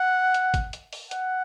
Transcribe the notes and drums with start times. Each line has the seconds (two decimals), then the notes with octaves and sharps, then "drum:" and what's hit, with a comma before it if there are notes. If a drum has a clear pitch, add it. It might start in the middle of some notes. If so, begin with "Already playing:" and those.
Already playing: F#5
0.34 drum: hi-hat
0.54 drum: kick, hi-hat
0.73 drum: hi-hat
0.93 drum: open hi-hat
1.11 F#5, drum: hi-hat